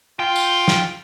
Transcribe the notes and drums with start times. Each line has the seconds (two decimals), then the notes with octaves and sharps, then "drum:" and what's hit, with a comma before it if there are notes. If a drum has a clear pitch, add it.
0.19 F4 G5
0.36 drum: tambourine
0.68 drum: snare